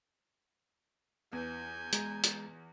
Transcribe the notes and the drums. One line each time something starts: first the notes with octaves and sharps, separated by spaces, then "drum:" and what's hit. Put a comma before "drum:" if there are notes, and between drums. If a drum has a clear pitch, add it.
E2 E3 G#5 G6
G#3 A#5, drum: hi-hat
drum: hi-hat